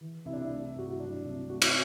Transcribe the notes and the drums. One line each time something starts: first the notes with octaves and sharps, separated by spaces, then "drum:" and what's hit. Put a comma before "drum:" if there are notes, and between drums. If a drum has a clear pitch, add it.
E3
C2 E4
D4
E4
A3
G2 F#4
E4
F#3 D4
C2
A3 F#4
E4, drum: cymbal